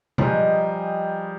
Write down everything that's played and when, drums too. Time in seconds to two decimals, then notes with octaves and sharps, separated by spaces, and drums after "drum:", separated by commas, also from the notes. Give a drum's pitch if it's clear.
0.18 F3 G3 C4 D#4 G#4 B4, drum: tom B2